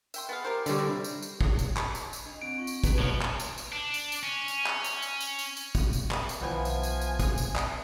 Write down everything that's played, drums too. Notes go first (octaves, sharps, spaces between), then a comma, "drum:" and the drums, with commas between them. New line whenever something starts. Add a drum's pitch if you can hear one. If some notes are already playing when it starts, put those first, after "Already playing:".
E5 G5 C6, drum: tambourine
B3 G#4 F5
G4 A#4 C5
D3 E3 G3 D4 C#5, drum: tambourine
C4 E4 E5
drum: tambourine
drum: tambourine
drum: kick
drum: tambourine
drum: clap
drum: tambourine
drum: tambourine
D4 D#5
C4 D7
F4 C#6
drum: tambourine
B4, drum: kick, tambourine
B2 F3 C#5
drum: clap
drum: tambourine
drum: tambourine
D4
drum: tambourine
drum: tambourine
C#4
drum: tambourine
drum: clap
drum: tambourine
drum: tambourine
drum: tambourine
drum: tambourine
drum: tambourine
drum: kick, tambourine
drum: tambourine
drum: clap
drum: tambourine
B1 D#3 F3 B3 E4 G#5
drum: tambourine
drum: tambourine
drum: tambourine
drum: kick, tambourine
drum: tambourine
drum: clap